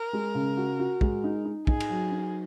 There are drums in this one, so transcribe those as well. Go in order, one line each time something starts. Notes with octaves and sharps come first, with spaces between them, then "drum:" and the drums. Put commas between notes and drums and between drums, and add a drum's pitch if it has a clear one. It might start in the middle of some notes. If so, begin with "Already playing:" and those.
Already playing: A#4
G#3
C#3
F#4
F#4
G#3, drum: kick
D#4
D#4
D#4 G#4, drum: kick
drum: cymbal
F#3
D#4